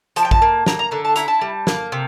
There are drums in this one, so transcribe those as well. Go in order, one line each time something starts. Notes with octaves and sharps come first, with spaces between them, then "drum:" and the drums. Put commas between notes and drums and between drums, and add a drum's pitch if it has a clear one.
F3 A5, drum: hi-hat
G5
A5, drum: kick A1
A#3
A#3 A#5, drum: snare
A#5
D3 A5
A5
E4 A#5, drum: hi-hat
A5
G3
A#3, drum: snare
C3